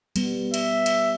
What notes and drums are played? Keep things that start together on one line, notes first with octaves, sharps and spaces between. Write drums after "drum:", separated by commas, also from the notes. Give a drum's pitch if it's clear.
G3 B3, drum: cymbal
E5, drum: cymbal
drum: cymbal